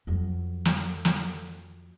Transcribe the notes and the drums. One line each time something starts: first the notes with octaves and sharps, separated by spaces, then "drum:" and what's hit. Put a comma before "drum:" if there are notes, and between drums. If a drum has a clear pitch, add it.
F2 F#3
drum: snare
drum: snare